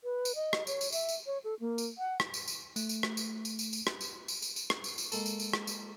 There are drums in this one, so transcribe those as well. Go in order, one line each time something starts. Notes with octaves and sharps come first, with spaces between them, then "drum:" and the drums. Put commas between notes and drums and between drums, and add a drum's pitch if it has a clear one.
B4
drum: tambourine
D#5
drum: rim click
C#5, drum: tambourine
drum: tambourine
E5, drum: tambourine
drum: tambourine
C#5
A4
A#3
drum: tambourine
F#5
drum: rim click
drum: tambourine
drum: tambourine
A3, drum: tambourine
drum: tambourine
drum: rim click
drum: tambourine
drum: tambourine
drum: tambourine
drum: tambourine
drum: rim click
drum: tambourine
drum: tambourine
drum: tambourine
drum: tambourine
drum: rim click
drum: tambourine
drum: tambourine
G#3 A#3 A4, drum: tambourine
drum: tambourine
drum: tambourine
drum: rim click
drum: tambourine